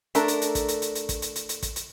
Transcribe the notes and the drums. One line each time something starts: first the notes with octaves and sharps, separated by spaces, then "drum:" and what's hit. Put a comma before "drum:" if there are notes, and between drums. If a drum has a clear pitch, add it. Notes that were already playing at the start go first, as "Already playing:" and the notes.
A3 D4 A#4, drum: hi-hat
drum: hi-hat
drum: hi-hat
drum: kick, hi-hat
drum: hi-hat
drum: hi-hat
drum: hi-hat
drum: kick, hi-hat
drum: hi-hat
drum: hi-hat
drum: hi-hat
drum: kick, hi-hat
drum: hi-hat